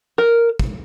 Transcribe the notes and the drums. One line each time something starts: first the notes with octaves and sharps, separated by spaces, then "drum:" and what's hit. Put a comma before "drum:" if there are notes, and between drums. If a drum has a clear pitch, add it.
A#4
drum: kick